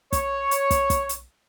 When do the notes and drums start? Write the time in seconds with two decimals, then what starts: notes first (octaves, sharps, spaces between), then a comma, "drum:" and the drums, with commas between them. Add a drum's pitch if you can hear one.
0.13 C#5, drum: kick, hi-hat
0.51 drum: hi-hat
0.71 drum: kick, hi-hat
0.90 drum: kick, hi-hat
1.09 drum: hi-hat